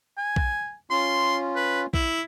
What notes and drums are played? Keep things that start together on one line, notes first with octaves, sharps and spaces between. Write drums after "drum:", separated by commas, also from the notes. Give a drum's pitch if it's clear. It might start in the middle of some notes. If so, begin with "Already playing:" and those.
G#5
drum: kick A#1
C#4 F4 C6
B4
E4, drum: kick A#1